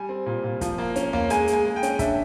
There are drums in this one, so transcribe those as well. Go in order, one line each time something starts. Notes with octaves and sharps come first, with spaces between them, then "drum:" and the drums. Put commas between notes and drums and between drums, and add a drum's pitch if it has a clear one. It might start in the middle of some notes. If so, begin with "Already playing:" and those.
Already playing: G3 G#5
C4
A#2
A#2
F3, drum: kick, hi-hat
A#3
C#4, drum: hi-hat
A#3, drum: tom E2
G#3 G#5, drum: hi-hat
G#3, drum: hi-hat
G#5
G#3
G5
C#4, drum: hi-hat
D4 E5, drum: kick, hi-hat